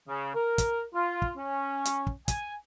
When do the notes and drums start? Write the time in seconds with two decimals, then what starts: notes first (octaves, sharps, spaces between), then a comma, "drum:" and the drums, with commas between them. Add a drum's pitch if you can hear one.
0.08 C#3
0.35 A#4
0.58 drum: kick, hi-hat
0.94 F4
1.22 drum: kick
1.37 C#4
1.85 drum: hi-hat
2.07 drum: kick
2.28 G#5, drum: kick, hi-hat